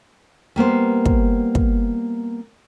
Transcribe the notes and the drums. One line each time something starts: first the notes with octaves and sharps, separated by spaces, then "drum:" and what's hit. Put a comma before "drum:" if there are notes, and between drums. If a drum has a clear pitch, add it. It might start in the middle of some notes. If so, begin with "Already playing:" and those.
G3 A#3 B3 C5
drum: kick
drum: kick